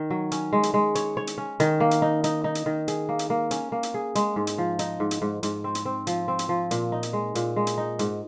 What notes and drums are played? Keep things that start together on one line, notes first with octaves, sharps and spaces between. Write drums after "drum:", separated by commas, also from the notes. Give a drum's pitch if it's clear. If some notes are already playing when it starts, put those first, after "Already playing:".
Already playing: D#3
F#3
C#4, drum: hi-hat
G#3
drum: hi-hat
G#3
C#5, drum: hi-hat
C#5
drum: hi-hat
C#4
D#3, drum: hi-hat
A#3
drum: hi-hat
D#4
D#4, drum: hi-hat
D#4
drum: hi-hat
D#3
G#4, drum: hi-hat
A#3
drum: hi-hat
A#3
C#4, drum: hi-hat
A#3
drum: hi-hat
G#4
G#3, drum: hi-hat
G#2
drum: hi-hat
F3
D#4, drum: hi-hat
G#2
drum: hi-hat
G#2
G#2, drum: hi-hat
C4
drum: hi-hat
C4
F3, drum: hi-hat
C4
drum: hi-hat
F3
A#2, drum: hi-hat
D#4
drum: hi-hat
G#3
A#2, drum: hi-hat
G#3
drum: hi-hat
D#4
G#2, drum: hi-hat